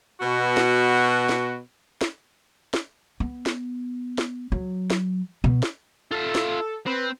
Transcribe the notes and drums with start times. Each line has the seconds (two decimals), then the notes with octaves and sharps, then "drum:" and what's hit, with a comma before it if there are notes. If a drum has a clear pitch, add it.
0.21 B2 F#4
0.57 drum: snare
1.29 drum: snare
2.01 drum: snare
2.74 drum: snare
3.20 B3
3.46 drum: snare
4.18 drum: snare
4.52 F#3
4.90 drum: snare
5.44 B2
5.63 drum: snare
6.11 F4 A4 E5
6.35 drum: snare
6.87 C4 B4